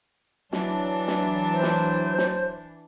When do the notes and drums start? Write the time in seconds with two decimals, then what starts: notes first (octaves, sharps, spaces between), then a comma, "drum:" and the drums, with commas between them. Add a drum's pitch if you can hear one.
0.53 E3 F#3 D4, drum: snare
1.08 drum: snare
1.53 C5
1.63 drum: snare
2.18 drum: snare